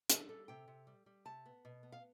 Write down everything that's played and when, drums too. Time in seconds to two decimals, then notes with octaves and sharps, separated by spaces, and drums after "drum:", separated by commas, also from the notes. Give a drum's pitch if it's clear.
0.10 G3 A4, drum: hi-hat
0.29 G3 A4
0.48 C3 G5
0.68 C3
0.87 G3
1.06 G3
1.25 C3 A5
1.46 B3
1.65 B2
1.83 B3
1.92 F5